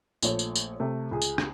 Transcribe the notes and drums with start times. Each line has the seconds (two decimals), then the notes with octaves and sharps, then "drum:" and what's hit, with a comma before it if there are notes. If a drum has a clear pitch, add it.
0.22 A#1 A3 C#5, drum: tambourine
0.39 drum: tambourine
0.56 drum: tambourine
0.80 C3 A3
1.11 C#2 G#4
1.22 drum: tambourine
1.38 drum: rim click